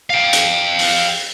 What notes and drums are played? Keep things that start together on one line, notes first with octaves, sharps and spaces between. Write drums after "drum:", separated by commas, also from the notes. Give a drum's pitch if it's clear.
F5 G5
drum: hi-hat
drum: open hi-hat